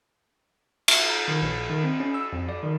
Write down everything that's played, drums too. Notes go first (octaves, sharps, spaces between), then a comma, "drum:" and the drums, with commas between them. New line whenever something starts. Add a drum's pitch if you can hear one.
E5, drum: cymbal
A#5
D#3
A#1
D#3
C4
C#4
E6
F2
D5
D#3